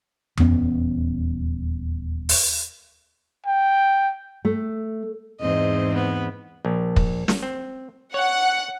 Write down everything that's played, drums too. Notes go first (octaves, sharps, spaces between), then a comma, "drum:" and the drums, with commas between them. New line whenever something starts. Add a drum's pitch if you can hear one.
D#1 E2 B3 C#4, drum: tom F2
drum: open hi-hat
G5
A3
E2 G#2 C4 D#5
B3
A#1
drum: kick
drum: snare
C4
C#5 F#5